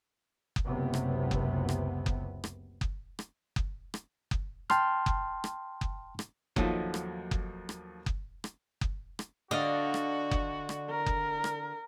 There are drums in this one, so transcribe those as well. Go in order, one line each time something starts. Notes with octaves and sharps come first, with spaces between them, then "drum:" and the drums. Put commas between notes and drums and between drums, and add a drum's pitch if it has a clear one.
drum: kick F#1
F#1 C#2 F#2 C3 B3
drum: rim click
drum: kick F#1
drum: rim click
drum: kick F#1
drum: rim click
drum: kick F#1
drum: rim click
drum: kick F#1
drum: rim click
drum: kick F#1
G5 A5 C6 F6, drum: rim click
drum: kick F#1
drum: rim click
drum: kick F#1
drum: rim click
D#2 F3 F#3 A3 D#4, drum: kick F#1
drum: rim click
drum: kick F#1
drum: rim click
drum: kick F#1
drum: rim click
drum: kick F#1
drum: rim click
D3 F#4 D#5 F5
drum: rim click
drum: kick F#1
drum: rim click
A#4
drum: kick F#1
drum: rim click